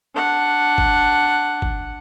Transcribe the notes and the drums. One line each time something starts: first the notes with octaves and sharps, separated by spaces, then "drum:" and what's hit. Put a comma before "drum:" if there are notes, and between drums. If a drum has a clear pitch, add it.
D4 F#5
drum: kick
drum: kick